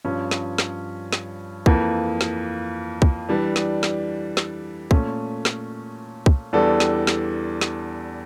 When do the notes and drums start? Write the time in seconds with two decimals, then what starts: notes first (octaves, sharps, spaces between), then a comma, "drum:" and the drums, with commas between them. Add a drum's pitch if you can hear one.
0.05 G2 F3 C#4
0.31 drum: snare
0.58 drum: snare
1.13 drum: snare
1.66 F2 E3 A#3, drum: kick
2.21 drum: snare
3.02 drum: kick
3.29 E3 G3 D4
3.56 drum: snare
3.83 drum: snare
4.37 drum: snare
4.91 A#2 A3 C#4, drum: kick
5.45 drum: snare
6.26 drum: kick
6.53 E2 E3 G3 D4 A4
6.80 drum: snare
7.07 drum: snare
7.61 drum: snare